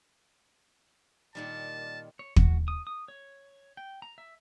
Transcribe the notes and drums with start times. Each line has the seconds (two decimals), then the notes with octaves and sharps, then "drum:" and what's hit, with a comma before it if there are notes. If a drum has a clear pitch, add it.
1.35 A#2 D#3 G3 A5
2.19 C#5
2.36 F#4, drum: kick
2.68 D#6
2.87 D#6
3.08 C#5
3.77 G5
4.02 A#5
4.18 E5